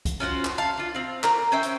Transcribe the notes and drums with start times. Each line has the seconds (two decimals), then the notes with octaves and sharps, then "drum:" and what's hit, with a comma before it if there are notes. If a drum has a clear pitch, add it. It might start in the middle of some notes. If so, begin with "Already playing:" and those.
0.05 drum: kick, hi-hat
0.20 C#4 F4 F#4 C5
0.45 drum: clap
0.58 F5 A5
0.77 D4 F4
0.95 C4 F5
1.23 A#3 A#5, drum: clap
1.52 C#4 C5 E5 G5
1.63 drum: hi-hat